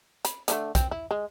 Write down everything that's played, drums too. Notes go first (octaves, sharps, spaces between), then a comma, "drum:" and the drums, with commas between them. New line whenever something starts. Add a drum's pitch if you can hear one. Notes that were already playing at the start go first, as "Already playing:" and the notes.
B5, drum: hi-hat
D3 F3 A3, drum: hi-hat
C4, drum: kick, hi-hat
E4
G#3